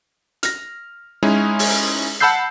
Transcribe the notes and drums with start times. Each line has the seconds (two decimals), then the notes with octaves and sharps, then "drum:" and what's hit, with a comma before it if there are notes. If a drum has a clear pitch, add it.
0.43 F6 A#6, drum: hi-hat
1.23 G#3 C#4 D#4 E4 G#4
1.59 drum: open hi-hat
2.20 F#5 A5 B5 E6 G6 C7